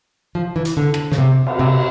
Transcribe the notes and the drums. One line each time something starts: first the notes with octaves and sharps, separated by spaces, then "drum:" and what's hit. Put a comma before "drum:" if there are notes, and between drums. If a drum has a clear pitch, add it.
F3
E3
drum: hi-hat
D3
drum: rim click
C#3, drum: snare
C3
drum: cymbal
C3